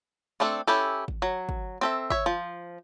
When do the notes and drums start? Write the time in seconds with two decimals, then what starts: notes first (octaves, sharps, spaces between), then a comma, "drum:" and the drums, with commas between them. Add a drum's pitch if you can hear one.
0.40 A3 C4 D4 A4
0.67 C#4 E4 G4 A4
1.08 drum: kick
1.22 F#3
1.49 drum: kick
1.81 C4 A4 E5
2.10 C#5 E5, drum: kick
2.26 F3